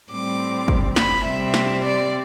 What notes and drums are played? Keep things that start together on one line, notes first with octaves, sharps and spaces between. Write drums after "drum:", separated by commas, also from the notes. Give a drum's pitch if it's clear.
A2 G3 C4 D6
drum: kick
B5, drum: snare
C3 G3 C4 E5
drum: snare
D5